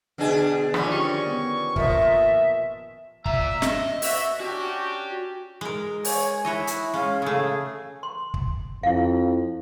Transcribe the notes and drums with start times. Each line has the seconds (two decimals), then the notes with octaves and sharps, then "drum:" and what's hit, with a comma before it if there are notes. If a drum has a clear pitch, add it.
0.18 B2 D3 D4 G#4
0.74 D#3 F3 C#4 D4 D5, drum: rim click
0.93 G4 D#5 C#6
1.27 B3
1.76 A#2 F3 A#4 D#5 E5, drum: kick
3.26 A#2 E5 A#5, drum: kick
3.62 D#5, drum: snare
4.02 F#4 E5, drum: open hi-hat
4.40 C#4 D4 F#4 G4
5.61 G#3 A#4
6.05 C#5 G#5, drum: open hi-hat
6.45 E4 F#4 C#5 D#5
6.67 drum: hi-hat
6.94 G#3 C#4 F5
7.22 C#3 A3 G#4
8.03 C6
8.34 drum: kick
8.83 F2 E4 F5